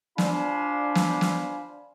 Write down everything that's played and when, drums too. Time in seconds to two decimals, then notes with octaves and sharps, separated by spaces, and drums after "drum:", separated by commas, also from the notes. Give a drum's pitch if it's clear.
0.18 D4 F4 C5 F5 G#5 B5, drum: snare
0.95 drum: snare
1.21 drum: snare